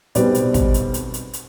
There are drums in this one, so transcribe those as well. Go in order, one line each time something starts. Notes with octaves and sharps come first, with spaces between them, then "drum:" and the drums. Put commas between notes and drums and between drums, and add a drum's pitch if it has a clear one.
B1 B2 G3 C4 B4 D5, drum: hi-hat
drum: hi-hat
drum: kick, hi-hat
drum: hi-hat
drum: hi-hat
drum: hi-hat
drum: hi-hat